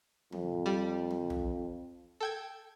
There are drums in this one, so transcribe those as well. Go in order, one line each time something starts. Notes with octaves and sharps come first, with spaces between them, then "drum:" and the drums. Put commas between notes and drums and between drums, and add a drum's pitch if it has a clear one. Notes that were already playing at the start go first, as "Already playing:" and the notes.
F2, drum: tom
G3
drum: tom
drum: tom
A4 G5 G#6